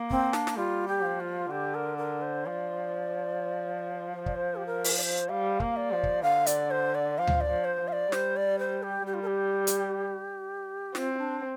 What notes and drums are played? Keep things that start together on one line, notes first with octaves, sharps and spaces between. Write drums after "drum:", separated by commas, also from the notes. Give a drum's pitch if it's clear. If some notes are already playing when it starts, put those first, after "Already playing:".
Already playing: A#3
C4, drum: kick
D4, drum: snare
drum: snare
G3 F4
G4
F3
F4
D3 G4
A#4
A#4
C5
F3 D5
D5, drum: kick
C5
G4
A#4
drum: open hi-hat
D5
C5
G3 F5
A#3, drum: kick
D5
F3
drum: kick
D3 F5
D5, drum: hi-hat
C5
D5
F3 F5
drum: tom D2
D5
F3
C5
F3
F5
D5
G3 C5, drum: snare
D5
C5
G4
G3 G4
F4
A#4
G4
drum: hi-hat
C4 F4, drum: snare
F4
D4